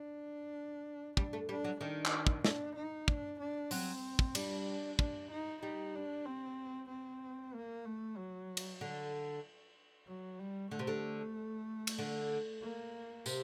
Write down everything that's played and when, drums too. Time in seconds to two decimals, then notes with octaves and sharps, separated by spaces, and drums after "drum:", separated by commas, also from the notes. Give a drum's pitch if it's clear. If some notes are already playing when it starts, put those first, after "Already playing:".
Already playing: D4
1.17 G3 D4, drum: kick
1.33 A3
1.49 G3 D4
1.64 F#3
1.80 D#3 D4
2.06 drum: clap
2.27 drum: kick
2.45 D4, drum: snare
2.76 D#4
3.08 D4, drum: kick
3.40 D4
3.71 F#3 C4, drum: open hi-hat
4.19 drum: kick
4.35 G3 D4, drum: cymbal
4.99 D4, drum: kick
5.31 D#4
5.62 G3 D#4
5.95 D4
6.26 C4
6.89 C4
7.54 A#3
7.86 A3
8.17 F#3
8.57 drum: cymbal
8.81 D3
10.08 F#3
10.39 G3
10.71 D3 A3
10.79 C3
10.87 D3
11.87 drum: cymbal
11.99 D3
12.62 A#3
13.26 C3, drum: tambourine